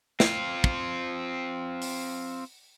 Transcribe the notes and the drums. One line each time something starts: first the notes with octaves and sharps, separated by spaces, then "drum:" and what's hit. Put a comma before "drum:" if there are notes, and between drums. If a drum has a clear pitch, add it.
C4 F4, drum: snare
drum: kick
drum: open hi-hat